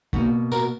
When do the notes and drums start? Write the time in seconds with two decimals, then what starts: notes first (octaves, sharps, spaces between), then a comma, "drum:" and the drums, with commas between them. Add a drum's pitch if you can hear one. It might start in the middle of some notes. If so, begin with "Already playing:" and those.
0.13 B2 A#3 D#4 F#4, drum: kick
0.52 F#4 A#4, drum: tambourine